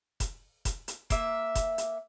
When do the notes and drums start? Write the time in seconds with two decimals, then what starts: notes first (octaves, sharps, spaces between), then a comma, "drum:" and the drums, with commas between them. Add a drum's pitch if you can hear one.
0.20 drum: kick F1, hi-hat
0.65 drum: kick F1, hi-hat
0.88 drum: hi-hat
1.10 A#3 E5, drum: kick F1, hi-hat
1.55 drum: kick F1, hi-hat
1.78 drum: hi-hat